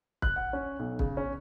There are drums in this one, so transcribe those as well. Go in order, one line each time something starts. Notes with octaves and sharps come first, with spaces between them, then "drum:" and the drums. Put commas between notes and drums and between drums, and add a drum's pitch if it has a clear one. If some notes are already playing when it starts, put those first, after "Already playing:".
F#6, drum: kick
F#5
C#4
B1
C#3, drum: kick
C#4